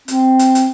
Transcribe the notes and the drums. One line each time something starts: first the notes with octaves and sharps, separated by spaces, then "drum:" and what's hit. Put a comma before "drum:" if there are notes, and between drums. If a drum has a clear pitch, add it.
C4, drum: hi-hat
drum: hi-hat
drum: hi-hat